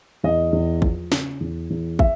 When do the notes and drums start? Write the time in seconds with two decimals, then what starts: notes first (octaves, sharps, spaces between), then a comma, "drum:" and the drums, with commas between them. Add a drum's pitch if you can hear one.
0.23 E2 D#5
0.53 E2
0.82 F3, drum: kick
1.12 C#3, drum: snare
1.40 E2
1.70 E2
1.99 E5, drum: kick